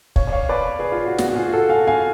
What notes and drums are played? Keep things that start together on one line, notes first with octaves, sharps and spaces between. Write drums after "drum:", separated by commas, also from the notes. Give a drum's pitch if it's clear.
C#5 F5, drum: kick
D5
C#5 F5
B4 D5
G#4 B4
F4 G#4
F#4
F#4, drum: snare
F#4
F4 G#4
F#4 A4
F5 G#5
F5 G#5